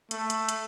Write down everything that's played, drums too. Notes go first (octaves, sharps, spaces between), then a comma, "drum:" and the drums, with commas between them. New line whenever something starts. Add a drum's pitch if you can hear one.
A3, drum: hi-hat
drum: hi-hat
drum: hi-hat